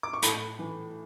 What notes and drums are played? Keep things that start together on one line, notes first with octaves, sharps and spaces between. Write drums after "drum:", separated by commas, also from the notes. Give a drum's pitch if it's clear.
D6
C#6
A2 B5, drum: hi-hat
E3